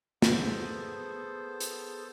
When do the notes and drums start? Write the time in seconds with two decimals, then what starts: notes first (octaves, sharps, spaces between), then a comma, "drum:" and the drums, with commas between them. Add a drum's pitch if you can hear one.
0.22 B3 G#4 A4 C5, drum: snare
1.60 drum: hi-hat